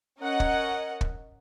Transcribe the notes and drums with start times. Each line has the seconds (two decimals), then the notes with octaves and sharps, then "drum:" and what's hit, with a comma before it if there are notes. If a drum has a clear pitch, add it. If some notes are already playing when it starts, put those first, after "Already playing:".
0.20 C#4 A#4 D#5 F#5
0.40 drum: kick
1.01 drum: kick